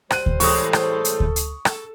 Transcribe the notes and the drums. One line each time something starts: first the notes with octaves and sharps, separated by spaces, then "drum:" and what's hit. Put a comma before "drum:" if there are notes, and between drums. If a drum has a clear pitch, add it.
G3 C5 F#6 D#7, drum: rim click
drum: kick D2
A2 E3 G#3 A4 C#6 D#6, drum: open hi-hat
drum: rim click
drum: hi-hat
drum: kick D2
drum: hi-hat
A4, drum: rim click